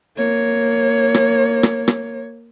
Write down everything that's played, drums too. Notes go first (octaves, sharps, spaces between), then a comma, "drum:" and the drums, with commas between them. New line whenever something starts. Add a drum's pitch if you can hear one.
A#3 C#5
drum: rim click
drum: rim click
drum: rim click